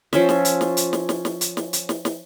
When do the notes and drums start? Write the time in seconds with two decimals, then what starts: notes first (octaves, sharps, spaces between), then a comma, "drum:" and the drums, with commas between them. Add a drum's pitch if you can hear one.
0.13 F3 C#4 E5, drum: snare
0.29 drum: snare
0.45 drum: hi-hat
0.61 drum: snare
0.77 drum: hi-hat
0.93 drum: snare
1.09 drum: snare
1.25 drum: snare
1.41 drum: hi-hat
1.57 drum: snare
1.73 drum: hi-hat
1.89 drum: snare
2.05 drum: snare